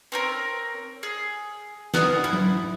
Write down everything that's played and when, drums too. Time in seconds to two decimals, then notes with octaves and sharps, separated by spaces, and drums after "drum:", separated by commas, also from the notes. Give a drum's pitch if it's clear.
0.12 C4 C#4 A#4
1.03 G#4
1.94 B3 G#4 A#4 F#5, drum: snare
2.24 E4
2.33 drum: tom F#3